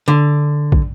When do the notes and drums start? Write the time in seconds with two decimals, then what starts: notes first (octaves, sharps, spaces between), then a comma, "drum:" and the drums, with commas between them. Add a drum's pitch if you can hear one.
0.08 D3
0.72 drum: kick